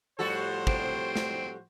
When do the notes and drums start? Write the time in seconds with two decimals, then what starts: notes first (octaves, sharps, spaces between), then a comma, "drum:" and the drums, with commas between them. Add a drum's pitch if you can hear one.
0.19 A2 F3 G3 F#4 A4 C5
0.67 C4, drum: kick
1.16 drum: snare